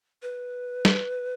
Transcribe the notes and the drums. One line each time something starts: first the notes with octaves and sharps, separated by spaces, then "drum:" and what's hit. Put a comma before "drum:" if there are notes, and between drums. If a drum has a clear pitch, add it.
B4
drum: snare